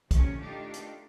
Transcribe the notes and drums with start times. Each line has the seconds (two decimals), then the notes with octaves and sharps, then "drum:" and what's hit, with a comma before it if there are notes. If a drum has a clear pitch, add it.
0.11 C3 F3 A3 A#3 C#4, drum: kick, hi-hat
0.40 A3 D4 D#4 F4 G4 A4
0.74 drum: hi-hat